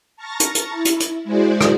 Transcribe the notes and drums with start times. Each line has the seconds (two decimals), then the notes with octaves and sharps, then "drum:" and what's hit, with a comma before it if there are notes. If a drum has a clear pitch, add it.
0.16 A5 A#5 C#6 F6 A6 A#6
0.40 drum: hi-hat
0.55 drum: hi-hat
0.70 E4
0.85 drum: hi-hat
1.00 drum: hi-hat
1.24 G#3 E4 F#4 G#4 C5 D5
1.61 drum: rim click